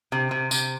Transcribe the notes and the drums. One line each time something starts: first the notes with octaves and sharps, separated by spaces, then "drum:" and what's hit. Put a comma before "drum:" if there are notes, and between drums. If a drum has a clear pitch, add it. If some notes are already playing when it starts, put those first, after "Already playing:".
C3
C3
C3, drum: tambourine